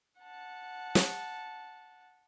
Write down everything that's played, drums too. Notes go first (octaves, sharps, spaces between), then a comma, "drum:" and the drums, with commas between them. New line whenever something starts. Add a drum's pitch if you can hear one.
F#5 A5
drum: snare